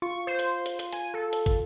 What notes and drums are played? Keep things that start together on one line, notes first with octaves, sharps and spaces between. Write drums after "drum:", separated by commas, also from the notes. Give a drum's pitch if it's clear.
F4 C#6
C5
drum: hi-hat
drum: hi-hat
drum: hi-hat
G#5, drum: hi-hat
A4
drum: hi-hat
drum: kick, hi-hat